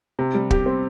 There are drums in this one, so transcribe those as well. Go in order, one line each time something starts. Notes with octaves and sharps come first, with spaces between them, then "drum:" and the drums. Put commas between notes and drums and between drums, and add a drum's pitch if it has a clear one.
C3
G3
G4, drum: kick
C4